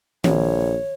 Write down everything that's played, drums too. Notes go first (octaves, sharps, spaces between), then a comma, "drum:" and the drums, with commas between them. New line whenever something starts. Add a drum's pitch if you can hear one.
A#1 C#5, drum: tom D#3